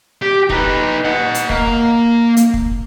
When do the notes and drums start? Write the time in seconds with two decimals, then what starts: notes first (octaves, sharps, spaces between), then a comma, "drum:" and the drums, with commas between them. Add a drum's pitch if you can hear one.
0.22 G4
0.49 D#4 B4, drum: kick
1.05 D#5 F#5
1.35 drum: hi-hat
1.49 A#3, drum: kick
2.37 drum: hi-hat
2.54 drum: kick